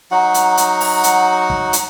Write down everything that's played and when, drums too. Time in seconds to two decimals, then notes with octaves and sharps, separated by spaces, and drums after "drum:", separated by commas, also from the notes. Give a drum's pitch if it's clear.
0.11 F#3 D#4 F#4 F#5
0.34 drum: hi-hat
0.57 drum: hi-hat
0.81 drum: open hi-hat
1.04 drum: hi-hat
1.50 drum: kick
1.73 drum: hi-hat